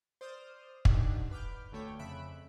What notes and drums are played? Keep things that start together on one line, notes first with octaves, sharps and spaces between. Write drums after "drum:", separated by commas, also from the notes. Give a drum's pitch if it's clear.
C5 D5 D#6 F6 G6
D4 D#4 G4 F#5, drum: kick
B4 D6 F6 G6
D2 D3 A3 C#5 G5 D6
F2 C#3 E5 B5 F#6 D7